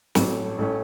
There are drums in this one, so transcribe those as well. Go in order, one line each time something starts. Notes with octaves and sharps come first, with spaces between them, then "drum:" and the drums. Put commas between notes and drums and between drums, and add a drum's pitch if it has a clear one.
A1 A2 F#3 C#4 A4, drum: snare
A1 A2 A3 C#4